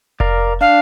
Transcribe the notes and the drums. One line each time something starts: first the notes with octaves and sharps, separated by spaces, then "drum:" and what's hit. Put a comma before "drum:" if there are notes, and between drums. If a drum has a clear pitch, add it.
A#4 D5 F5, drum: kick F1
D4 F5